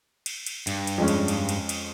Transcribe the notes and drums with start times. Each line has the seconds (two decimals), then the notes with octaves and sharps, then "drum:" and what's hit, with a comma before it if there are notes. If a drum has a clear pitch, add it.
0.26 drum: cymbal
0.46 drum: cymbal
0.67 G2, drum: cymbal
0.87 drum: cymbal
0.98 F2 G#3 C#4
1.08 drum: cymbal
1.28 drum: cymbal
1.49 drum: cymbal
1.69 drum: cymbal